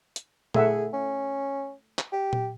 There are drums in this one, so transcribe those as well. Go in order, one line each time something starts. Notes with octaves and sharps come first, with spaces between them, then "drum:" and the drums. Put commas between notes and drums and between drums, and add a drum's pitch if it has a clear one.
drum: hi-hat
A3 G#4 E5 F#5, drum: tom A#2
C#4
drum: clap
G4
drum: tom A#2